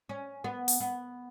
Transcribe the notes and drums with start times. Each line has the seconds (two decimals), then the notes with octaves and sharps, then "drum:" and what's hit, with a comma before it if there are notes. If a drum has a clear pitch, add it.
0.09 C#4
0.44 B3
0.68 drum: open hi-hat
0.80 B3